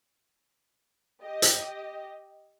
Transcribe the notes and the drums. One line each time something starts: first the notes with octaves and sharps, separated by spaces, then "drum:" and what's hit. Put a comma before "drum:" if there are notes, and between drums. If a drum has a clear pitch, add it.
G4 D#5
drum: hi-hat